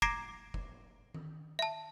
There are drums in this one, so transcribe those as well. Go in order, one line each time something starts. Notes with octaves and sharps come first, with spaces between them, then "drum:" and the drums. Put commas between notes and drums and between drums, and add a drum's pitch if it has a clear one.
A#5 D6 G#6 A#6 C7 D7, drum: kick
drum: kick
drum: tom D#3
E5 A5